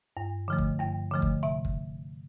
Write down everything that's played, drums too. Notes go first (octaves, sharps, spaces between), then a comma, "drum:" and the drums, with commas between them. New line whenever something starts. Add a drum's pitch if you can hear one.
G2
D3 F3 A3
drum: kick
G2 G5
D3 F3 A3
drum: kick
C3 E5
drum: kick